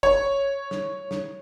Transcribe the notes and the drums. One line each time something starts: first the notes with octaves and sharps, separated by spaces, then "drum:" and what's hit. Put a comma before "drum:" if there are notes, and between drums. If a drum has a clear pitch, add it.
C#5, drum: kick G1
drum: snare
drum: snare